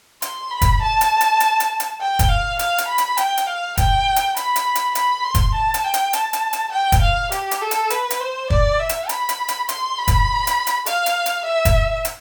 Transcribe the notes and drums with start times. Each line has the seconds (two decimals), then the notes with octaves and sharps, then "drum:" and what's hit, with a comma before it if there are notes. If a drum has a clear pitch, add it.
0.22 C6, drum: hi-hat
0.51 B5
0.62 drum: kick, hi-hat
0.81 A5
1.01 drum: hi-hat
1.21 drum: hi-hat
1.40 drum: hi-hat
1.60 drum: hi-hat
1.80 drum: hi-hat
2.00 G5
2.19 drum: kick, hi-hat
2.29 F5
2.59 F5, drum: hi-hat
2.78 drum: hi-hat
2.88 B5
2.98 drum: hi-hat
3.17 G5, drum: hi-hat
3.37 drum: hi-hat
3.47 F5
3.77 G5, drum: kick, hi-hat
4.16 drum: hi-hat
4.37 B5, drum: hi-hat
4.56 drum: hi-hat
4.75 drum: hi-hat
4.95 B5, drum: hi-hat
5.24 C6
5.35 drum: kick, hi-hat
5.54 A5
5.74 drum: hi-hat
5.84 G5
5.94 drum: hi-hat
6.13 A5, drum: hi-hat
6.33 drum: hi-hat
6.53 drum: hi-hat
6.72 G5
6.92 drum: kick, hi-hat
7.01 F5
7.32 G4, drum: hi-hat
7.51 drum: hi-hat
7.62 A4
7.71 drum: hi-hat
7.90 B4, drum: hi-hat
8.10 drum: hi-hat
8.20 C5
8.50 D5, drum: kick
8.79 E5
8.89 drum: hi-hat
9.09 B5, drum: hi-hat
9.29 drum: hi-hat
9.48 drum: hi-hat
9.69 C6, drum: hi-hat
9.98 B5
10.08 drum: kick, hi-hat
10.47 drum: hi-hat
10.67 drum: hi-hat
10.86 F5, drum: hi-hat
11.06 drum: hi-hat
11.26 drum: hi-hat
11.45 E5
11.65 drum: kick, hi-hat
12.05 drum: hi-hat